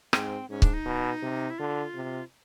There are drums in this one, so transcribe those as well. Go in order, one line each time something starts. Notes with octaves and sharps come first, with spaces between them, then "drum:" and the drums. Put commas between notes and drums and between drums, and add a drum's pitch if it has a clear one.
G#2 C4, drum: rim click
G#2 C#4
D4, drum: kick C#1
D#4
B2
C3
E4
D3 F4
C3